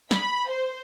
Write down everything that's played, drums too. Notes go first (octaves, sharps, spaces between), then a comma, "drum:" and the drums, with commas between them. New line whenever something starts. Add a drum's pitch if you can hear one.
B5, drum: snare
C5